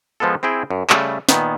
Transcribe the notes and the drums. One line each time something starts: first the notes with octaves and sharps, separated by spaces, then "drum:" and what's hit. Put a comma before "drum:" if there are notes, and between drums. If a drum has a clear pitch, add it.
F3 G#3 B3 F4 A4
C4 E4 G#4 G5
F#2
C#3 G3 A3, drum: clap
A#2 D#3 B3, drum: snare